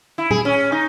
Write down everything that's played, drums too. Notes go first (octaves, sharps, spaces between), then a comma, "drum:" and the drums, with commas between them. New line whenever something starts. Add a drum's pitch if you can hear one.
E4
G#4, drum: tom A#2
C#4
D#4